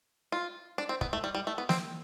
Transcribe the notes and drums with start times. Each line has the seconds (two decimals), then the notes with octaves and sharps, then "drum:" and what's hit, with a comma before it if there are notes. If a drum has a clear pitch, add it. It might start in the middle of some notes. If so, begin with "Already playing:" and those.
0.32 F4
0.78 D4
0.89 C4
1.01 B3, drum: kick
1.13 A3
1.24 G3
1.35 G3
1.47 A3
1.58 B3
1.69 C4, drum: snare